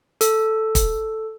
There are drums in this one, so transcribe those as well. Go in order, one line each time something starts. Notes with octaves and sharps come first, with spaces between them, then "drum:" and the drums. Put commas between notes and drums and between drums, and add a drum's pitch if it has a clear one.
A4, drum: hi-hat
drum: kick, hi-hat